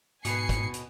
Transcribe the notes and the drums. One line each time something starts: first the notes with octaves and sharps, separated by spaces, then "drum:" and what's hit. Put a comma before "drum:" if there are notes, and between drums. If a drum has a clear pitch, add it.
G#2 B2 B3 B4 G#5 C7 C#7, drum: hi-hat
drum: kick, hi-hat
drum: hi-hat